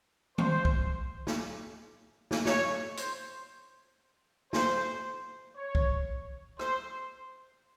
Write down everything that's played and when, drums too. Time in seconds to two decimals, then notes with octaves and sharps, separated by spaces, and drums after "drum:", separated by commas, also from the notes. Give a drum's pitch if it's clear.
0.38 C5, drum: tom D#3
0.65 drum: kick
1.27 drum: snare
2.31 drum: snare
2.45 C#5, drum: snare
2.97 C5, drum: hi-hat
4.53 C5, drum: snare
5.56 C#5
5.75 drum: kick
6.59 C5, drum: rim click